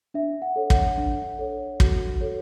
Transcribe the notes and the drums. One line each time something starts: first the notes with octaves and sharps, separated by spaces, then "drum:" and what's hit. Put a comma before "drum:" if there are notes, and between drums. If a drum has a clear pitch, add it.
D4 E5
F#5
A4 C#5
F#5, drum: kick
D4
A4 C#5
F#4, drum: kick
A4 C#5